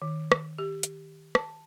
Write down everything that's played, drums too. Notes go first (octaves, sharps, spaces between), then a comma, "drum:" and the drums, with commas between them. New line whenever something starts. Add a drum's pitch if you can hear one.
D#3
drum: rim click
G4
drum: hi-hat
A5, drum: rim click